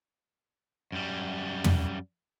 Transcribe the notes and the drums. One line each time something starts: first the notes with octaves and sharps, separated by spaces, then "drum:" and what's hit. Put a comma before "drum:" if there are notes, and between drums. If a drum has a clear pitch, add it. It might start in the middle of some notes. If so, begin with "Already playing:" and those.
F#2 G3
drum: tom